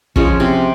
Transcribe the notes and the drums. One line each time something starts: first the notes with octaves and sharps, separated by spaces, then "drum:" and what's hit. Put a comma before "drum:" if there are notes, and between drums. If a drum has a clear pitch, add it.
F3 G#3 C#4, drum: kick
C3